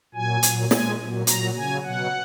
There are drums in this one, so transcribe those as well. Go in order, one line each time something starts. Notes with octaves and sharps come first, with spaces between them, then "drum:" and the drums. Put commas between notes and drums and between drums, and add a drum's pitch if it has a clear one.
A#2 F#3 G#5
A#2 F#3, drum: hi-hat
A#2 G#3 G#5, drum: snare
A#2 F#3
A#2 F#3 A#5, drum: hi-hat
C#3 F#3 G#5
B2 F#3 F#5